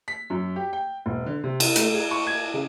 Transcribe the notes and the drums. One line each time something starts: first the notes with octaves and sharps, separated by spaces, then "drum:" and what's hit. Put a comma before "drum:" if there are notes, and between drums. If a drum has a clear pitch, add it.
B6
F#2
G4
G5
E1
D3
C3
drum: cymbal
A3, drum: hi-hat
G#4
C#6
G#6
C#3